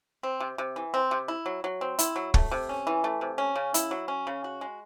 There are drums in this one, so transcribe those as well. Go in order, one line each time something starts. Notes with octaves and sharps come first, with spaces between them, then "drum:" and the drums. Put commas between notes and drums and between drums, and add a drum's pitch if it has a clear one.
C4
C3
C3
E3
C4
C3
E4
F#3
F#3
C4
E4, drum: hi-hat
F#3
A3, drum: kick
C3
C#4
E3
A3
C3
C#4
C#3
E4, drum: hi-hat
F#3
C#4
C#3
F#4
G#3